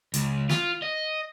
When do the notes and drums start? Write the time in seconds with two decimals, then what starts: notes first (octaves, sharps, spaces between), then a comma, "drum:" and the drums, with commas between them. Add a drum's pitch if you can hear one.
0.14 C#2, drum: hi-hat
0.50 F4, drum: snare
0.82 D#5